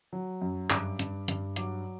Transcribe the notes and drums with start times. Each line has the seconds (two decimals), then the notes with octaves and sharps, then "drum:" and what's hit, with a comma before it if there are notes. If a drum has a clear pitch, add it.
0.13 F#3
0.42 F#2
0.70 G2 D6, drum: clap
0.99 G2, drum: hi-hat
1.28 G2, drum: hi-hat
1.56 F#3 D6, drum: hi-hat